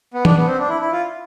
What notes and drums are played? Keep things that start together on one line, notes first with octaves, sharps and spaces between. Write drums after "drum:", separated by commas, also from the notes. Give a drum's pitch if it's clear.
B3
D4, drum: tom E3
B3
C4
D4
E4
E4
F4